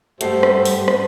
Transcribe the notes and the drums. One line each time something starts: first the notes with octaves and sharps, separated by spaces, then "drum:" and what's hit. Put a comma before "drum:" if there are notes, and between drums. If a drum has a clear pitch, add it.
G2 A3 F#4 G4 A4 C5 C7, drum: hi-hat
drum: rim click
drum: open hi-hat
drum: rim click